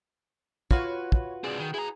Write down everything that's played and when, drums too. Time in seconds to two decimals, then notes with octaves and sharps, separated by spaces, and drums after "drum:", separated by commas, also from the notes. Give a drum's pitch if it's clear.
0.71 F4 F#4 B4 C#5, drum: kick
1.12 drum: kick
1.44 C4 D4 G#4
1.60 D#3
1.74 E4 G#4 A#5